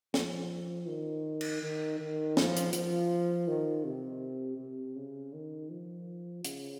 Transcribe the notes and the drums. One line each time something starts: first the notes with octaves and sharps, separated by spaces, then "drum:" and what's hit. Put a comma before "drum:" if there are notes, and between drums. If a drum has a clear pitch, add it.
F3, drum: snare
D#3
drum: cymbal
D#3
D#3
F3, drum: snare
drum: hi-hat
F3, drum: hi-hat
D#3
C3
C3
C#3
D#3
F3
C#3, drum: hi-hat